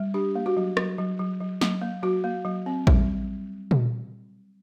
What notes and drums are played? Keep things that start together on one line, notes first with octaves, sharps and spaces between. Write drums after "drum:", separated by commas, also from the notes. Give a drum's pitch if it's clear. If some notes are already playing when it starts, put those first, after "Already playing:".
Already playing: G3
D4 G4
A#3
F#4
F#3
F#3, drum: rim click
F#3
F#3
F#3
F#3, drum: snare
A#3
F#3 F#4
A#3
F#3
C4
G3, drum: kick A1
drum: tom A#2